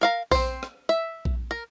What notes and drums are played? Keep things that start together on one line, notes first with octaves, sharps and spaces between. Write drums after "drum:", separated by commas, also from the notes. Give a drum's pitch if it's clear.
A#4 F5 A#5
C4 C5, drum: kick A#1, open hi-hat
drum: rim click
E5
drum: kick A#1
A#4